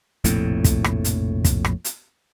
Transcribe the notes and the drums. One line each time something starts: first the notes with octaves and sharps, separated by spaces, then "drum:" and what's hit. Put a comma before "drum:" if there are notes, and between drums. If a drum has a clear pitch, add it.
F1 A#1 F2 A2, drum: hi-hat
drum: kick, hi-hat
drum: rim click
drum: hi-hat
drum: kick, hi-hat
drum: rim click
drum: hi-hat